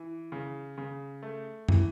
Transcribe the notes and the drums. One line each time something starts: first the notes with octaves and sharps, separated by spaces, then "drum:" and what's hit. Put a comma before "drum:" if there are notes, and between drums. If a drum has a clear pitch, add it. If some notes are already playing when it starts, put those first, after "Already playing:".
Already playing: E3
C#3
C#3
A3
E3, drum: tom